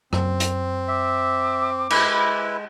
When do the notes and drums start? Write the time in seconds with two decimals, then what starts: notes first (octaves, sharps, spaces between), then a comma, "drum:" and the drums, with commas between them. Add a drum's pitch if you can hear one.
0.13 F#2 C4, drum: rim click
0.40 drum: hi-hat
0.88 E5 D6
1.90 G#3 E4 B4, drum: cymbal